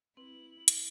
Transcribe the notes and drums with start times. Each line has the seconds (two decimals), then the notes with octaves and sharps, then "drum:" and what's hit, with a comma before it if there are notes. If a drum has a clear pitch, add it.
0.17 C4 E4 B4 F#7
0.68 drum: hi-hat